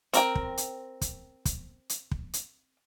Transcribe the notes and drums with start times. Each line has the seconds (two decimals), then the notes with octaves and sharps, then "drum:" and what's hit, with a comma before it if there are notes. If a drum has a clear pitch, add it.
0.13 C4 A#4 G5, drum: hi-hat
0.35 drum: kick
0.57 drum: hi-hat
1.01 drum: kick, hi-hat
1.45 drum: kick, hi-hat
1.89 drum: hi-hat
2.11 drum: kick
2.33 drum: hi-hat